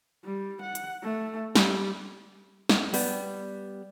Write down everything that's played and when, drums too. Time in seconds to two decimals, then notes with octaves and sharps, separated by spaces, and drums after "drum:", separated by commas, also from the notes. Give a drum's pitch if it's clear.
0.25 G3
0.63 F#5
0.75 drum: hi-hat
1.03 A3
1.55 G3, drum: snare
2.69 drum: snare
2.94 G3 B3, drum: open hi-hat